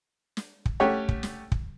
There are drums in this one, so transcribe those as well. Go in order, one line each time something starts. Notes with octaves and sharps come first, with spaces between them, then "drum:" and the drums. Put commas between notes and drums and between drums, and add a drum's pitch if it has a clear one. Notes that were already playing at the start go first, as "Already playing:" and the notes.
drum: snare
drum: kick
A3 C#4 G4 C#5 F#5 G5
drum: kick
drum: snare
drum: kick